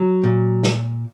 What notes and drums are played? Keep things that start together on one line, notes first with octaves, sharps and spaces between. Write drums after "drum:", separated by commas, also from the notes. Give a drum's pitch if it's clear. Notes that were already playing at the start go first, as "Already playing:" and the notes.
Already playing: F#3
A#2
drum: snare